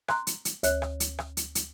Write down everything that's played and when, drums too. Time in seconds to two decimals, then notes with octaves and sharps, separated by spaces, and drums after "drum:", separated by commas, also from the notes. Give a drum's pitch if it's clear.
0.08 A#5 C6 F#6, drum: rim click
0.27 drum: hi-hat
0.45 drum: hi-hat
0.63 D2 C#5 F#6, drum: hi-hat
0.82 drum: rim click
1.00 drum: hi-hat
1.19 drum: rim click
1.37 drum: hi-hat
1.55 drum: hi-hat